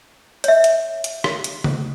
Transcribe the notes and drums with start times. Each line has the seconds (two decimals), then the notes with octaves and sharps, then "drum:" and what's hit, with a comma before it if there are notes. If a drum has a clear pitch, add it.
0.44 C#5 E5, drum: hi-hat
0.64 drum: hi-hat
1.04 drum: hi-hat
1.24 drum: rim click
1.44 drum: hi-hat
1.64 drum: tom C#3